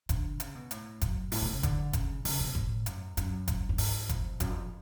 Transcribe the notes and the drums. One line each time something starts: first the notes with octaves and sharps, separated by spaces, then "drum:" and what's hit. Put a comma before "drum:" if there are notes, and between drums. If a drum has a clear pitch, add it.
D3, drum: kick F#1, hi-hat
C#3, drum: hi-hat
B2
A2, drum: hi-hat
F#2, drum: kick F#1, hi-hat
A2, drum: open hi-hat
B2
C#3
D3, drum: kick F#1, hi-hat
C#3, drum: kick F#1, hi-hat
C#3, drum: open hi-hat
B2
A2, drum: kick F#1
F#2, drum: hi-hat
F#2, drum: hi-hat
drum: kick F#1, hi-hat
F#2
G#2, drum: open hi-hat
F2, drum: kick F#1, hi-hat
F#2, drum: kick F#1, hi-hat
F2